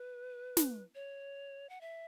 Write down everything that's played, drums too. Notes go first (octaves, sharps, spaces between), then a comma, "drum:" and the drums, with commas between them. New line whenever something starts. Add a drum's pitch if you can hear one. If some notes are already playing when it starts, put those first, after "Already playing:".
Already playing: B4
drum: snare
C#5
F#5
E5